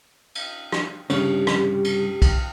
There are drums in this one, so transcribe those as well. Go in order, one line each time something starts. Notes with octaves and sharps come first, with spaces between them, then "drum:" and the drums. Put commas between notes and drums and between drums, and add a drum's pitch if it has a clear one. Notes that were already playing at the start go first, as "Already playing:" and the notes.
drum: cymbal
drum: rim click
C2 G2 C#3 G4, drum: cymbal
drum: rim click
drum: cymbal
drum: kick, cymbal